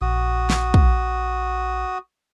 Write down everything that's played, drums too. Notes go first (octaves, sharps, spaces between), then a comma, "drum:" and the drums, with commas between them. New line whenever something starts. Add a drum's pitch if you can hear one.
A#1 F#4 D#6
drum: snare
drum: kick